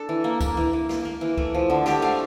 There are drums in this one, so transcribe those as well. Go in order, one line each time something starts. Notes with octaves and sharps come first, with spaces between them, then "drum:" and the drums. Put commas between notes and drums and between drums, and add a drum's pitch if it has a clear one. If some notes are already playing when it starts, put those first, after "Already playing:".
Already playing: D4 A4
E3
A#3
A#3, drum: kick C#2, tambourine
E3
E3
A#3, drum: snare
A#3
E3
A3, drum: kick C#2
F3
D3
D3 G4, drum: snare
A3 F5